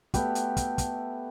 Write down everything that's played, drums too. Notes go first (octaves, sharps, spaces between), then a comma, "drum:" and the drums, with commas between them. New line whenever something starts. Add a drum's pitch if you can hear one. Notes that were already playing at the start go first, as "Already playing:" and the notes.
A3 B3 G4, drum: kick, hi-hat
drum: hi-hat
drum: kick, hi-hat
drum: kick, hi-hat